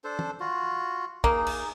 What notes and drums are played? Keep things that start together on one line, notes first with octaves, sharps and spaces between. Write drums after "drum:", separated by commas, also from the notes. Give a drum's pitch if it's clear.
D4 A4 C5
drum: tom
F4 F#4
A#3 D#4 G#4, drum: kick
drum: cymbal